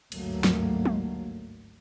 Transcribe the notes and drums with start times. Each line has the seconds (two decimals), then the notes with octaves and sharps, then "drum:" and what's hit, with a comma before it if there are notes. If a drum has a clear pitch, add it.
0.12 G#1 D2 G2 F#3 A3 A#3, drum: cymbal
0.44 drum: snare
0.85 drum: tom